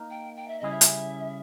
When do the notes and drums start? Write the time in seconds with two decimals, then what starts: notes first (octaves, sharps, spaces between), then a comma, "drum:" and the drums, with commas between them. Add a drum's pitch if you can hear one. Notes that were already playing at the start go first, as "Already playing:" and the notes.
Already playing: A#3 D#4 A#4
0.10 G5
0.37 G5
0.48 E5
0.60 C#3 G3 C#4 E4 G#4 D#5
0.71 E5
0.81 drum: hi-hat